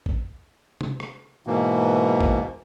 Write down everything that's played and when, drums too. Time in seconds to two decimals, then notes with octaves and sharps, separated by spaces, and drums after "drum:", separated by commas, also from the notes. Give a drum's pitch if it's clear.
0.06 drum: kick
0.81 drum: tom C3
1.00 drum: rim click
1.47 G#2 B2 E3 A#3
2.21 drum: kick